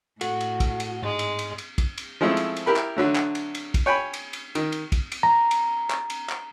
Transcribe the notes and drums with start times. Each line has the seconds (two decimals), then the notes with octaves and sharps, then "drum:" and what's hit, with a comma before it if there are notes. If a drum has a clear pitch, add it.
0.21 A2 F#4 A4, drum: cymbal
0.41 drum: cymbal
0.60 drum: kick, cymbal
0.80 drum: cymbal
1.03 G#2 G#3
1.19 drum: cymbal
1.39 drum: cymbal
1.58 drum: cymbal
1.78 drum: kick, cymbal
1.98 drum: cymbal
2.21 F3 G#3 A3 C4 E4
2.37 drum: cymbal
2.57 drum: cymbal
2.66 E4 G4 A#4 B5
2.76 drum: clap
2.97 D3 F#3 A3
3.15 drum: clap
3.35 drum: cymbal
3.55 drum: cymbal
3.74 drum: kick, cymbal
3.86 C#5 G5 G#5 B5
4.14 drum: cymbal
4.33 drum: cymbal
4.55 D#3, drum: cymbal
4.72 drum: cymbal
4.92 drum: kick, cymbal
5.12 drum: cymbal
5.23 A#5
5.51 drum: cymbal
5.90 drum: clap
6.10 drum: cymbal
6.29 drum: clap